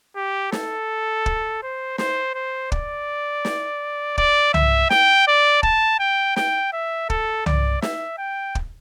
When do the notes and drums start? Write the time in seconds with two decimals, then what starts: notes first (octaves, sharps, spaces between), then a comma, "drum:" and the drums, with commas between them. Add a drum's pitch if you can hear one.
0.17 G4
0.52 A4, drum: snare
1.26 drum: kick
1.63 C5
1.98 C5, drum: snare
2.35 C5
2.72 D5, drum: kick
3.45 drum: snare
4.18 D5, drum: kick
4.54 E5, drum: tom C2
4.90 G5, drum: snare
5.28 D5
5.63 A5, drum: kick
6.00 G5
6.36 G5, drum: snare
6.73 E5
7.10 A4, drum: kick
7.46 D5, drum: tom C2
7.82 E5, drum: snare
8.18 G5
8.55 drum: kick